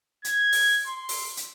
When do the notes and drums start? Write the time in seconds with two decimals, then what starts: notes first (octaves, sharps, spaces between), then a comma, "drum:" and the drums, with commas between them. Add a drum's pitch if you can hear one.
0.24 G#6, drum: hi-hat
0.53 drum: open hi-hat
0.87 C6
1.09 drum: open hi-hat
1.37 drum: hi-hat